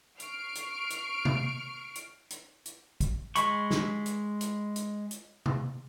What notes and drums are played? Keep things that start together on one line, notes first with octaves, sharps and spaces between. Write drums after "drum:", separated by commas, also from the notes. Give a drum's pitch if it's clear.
C#6 F6 C7 D7, drum: hi-hat
drum: hi-hat
drum: hi-hat
drum: tom
drum: hi-hat
drum: hi-hat
drum: hi-hat
drum: kick, hi-hat
G#3 B5 C#6, drum: hi-hat
drum: snare
drum: hi-hat
drum: hi-hat
drum: hi-hat
drum: hi-hat
drum: tom